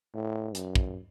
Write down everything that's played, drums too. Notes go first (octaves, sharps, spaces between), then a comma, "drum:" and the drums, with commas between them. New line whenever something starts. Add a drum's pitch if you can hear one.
A2
F#2, drum: hi-hat
drum: kick